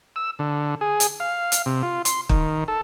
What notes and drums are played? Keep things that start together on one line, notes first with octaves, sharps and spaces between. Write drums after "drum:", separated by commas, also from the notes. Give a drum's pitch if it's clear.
E6
D3
G#4
drum: hi-hat
F5
drum: hi-hat
C3
F4
C6, drum: hi-hat
D#3, drum: kick
A4